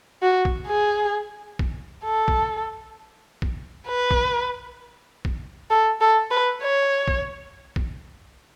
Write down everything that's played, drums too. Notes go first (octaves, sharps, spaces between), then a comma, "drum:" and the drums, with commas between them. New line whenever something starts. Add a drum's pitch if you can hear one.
F#4
drum: kick A#1
G#4
drum: kick A#1
A4
drum: kick A#1
drum: kick A#1
B4
drum: kick A#1
drum: kick A#1
A4
A4
B4
C#5
drum: kick A#1
drum: kick A#1